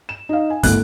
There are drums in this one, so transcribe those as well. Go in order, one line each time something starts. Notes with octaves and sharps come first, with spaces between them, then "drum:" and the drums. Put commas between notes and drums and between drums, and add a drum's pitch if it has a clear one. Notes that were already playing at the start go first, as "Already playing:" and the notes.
E7
D#4 F5
G#5
G#1 D2 A#3 E4 F#6, drum: kick, hi-hat